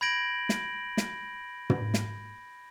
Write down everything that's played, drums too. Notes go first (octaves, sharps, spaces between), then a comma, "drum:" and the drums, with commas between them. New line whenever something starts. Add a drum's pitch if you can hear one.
B5 G6 G#6 A#6 D7 F#7
drum: snare
drum: snare
drum: tom
drum: snare